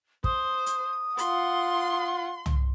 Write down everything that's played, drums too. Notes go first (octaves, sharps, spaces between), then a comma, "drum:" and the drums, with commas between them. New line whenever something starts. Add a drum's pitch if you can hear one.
C5 D#6, drum: kick
drum: hi-hat
F4 F#5 C6, drum: hi-hat
drum: tom